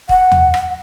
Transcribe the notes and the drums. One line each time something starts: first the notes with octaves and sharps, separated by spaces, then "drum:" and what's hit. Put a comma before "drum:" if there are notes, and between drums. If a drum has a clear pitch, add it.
F#5, drum: kick
drum: tom
drum: rim click